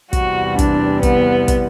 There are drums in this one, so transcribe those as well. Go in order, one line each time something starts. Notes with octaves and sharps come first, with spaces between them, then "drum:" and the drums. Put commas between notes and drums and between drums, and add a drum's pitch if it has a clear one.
E2 C3 E3 G3 F#4, drum: kick, hi-hat
D4, drum: kick, hi-hat
B3, drum: kick, hi-hat
drum: kick, hi-hat